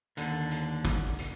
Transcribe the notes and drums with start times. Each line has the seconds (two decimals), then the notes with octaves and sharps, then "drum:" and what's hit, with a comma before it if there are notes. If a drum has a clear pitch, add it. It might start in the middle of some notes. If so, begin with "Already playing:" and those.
0.17 D#2 D3, drum: hi-hat
0.51 drum: hi-hat
0.85 drum: kick, hi-hat
1.18 drum: hi-hat